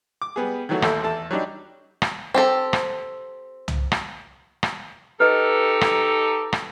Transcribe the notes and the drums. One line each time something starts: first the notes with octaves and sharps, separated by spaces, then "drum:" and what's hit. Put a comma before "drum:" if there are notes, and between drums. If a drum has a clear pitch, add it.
D6
G3 B3 G#4
D#3 E3 F#3 A3 F#4
A1 D#2 A3 A4 E6, drum: rim click
E2 A4 A5
F#3 G3 D4 D#4
drum: rim click
C4 G4 A4
drum: rim click
drum: tom C2
drum: rim click
drum: rim click
D#4 G4 A4 B4 D#5
drum: rim click
drum: rim click